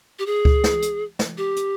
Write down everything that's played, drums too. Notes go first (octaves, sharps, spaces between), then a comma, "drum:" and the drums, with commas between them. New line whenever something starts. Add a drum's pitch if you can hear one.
G4
G#4
drum: kick C#2
drum: snare
drum: hi-hat
drum: snare
G4
drum: hi-hat